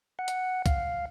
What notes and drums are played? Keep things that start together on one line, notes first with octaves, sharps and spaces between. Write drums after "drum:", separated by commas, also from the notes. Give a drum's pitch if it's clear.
F#5
drum: hi-hat
F5, drum: kick C2, hi-hat